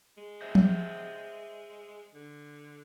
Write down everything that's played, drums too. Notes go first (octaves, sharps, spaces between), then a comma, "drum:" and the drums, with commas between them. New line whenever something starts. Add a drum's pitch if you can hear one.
G#3
C5 D#5 E5
drum: tom F3
D3